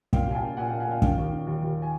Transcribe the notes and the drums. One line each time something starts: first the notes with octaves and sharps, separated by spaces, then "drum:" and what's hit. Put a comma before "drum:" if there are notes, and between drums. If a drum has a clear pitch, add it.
A#2 F5 G5, drum: kick
C2 G#5
G5 A5
A#2
A#2 F#5 G#5
A#2 F5 G5
F#5 G#5
A#2 F5 G5
D#3 F5 G5, drum: kick
D#2
D#3
D#2
D#2
G#5